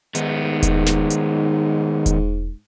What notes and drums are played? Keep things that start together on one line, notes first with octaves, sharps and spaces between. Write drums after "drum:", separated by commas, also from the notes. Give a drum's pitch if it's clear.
G#2 D#3 B3, drum: hi-hat
drum: kick E1, hi-hat
drum: snare
drum: hi-hat
drum: kick E1, hi-hat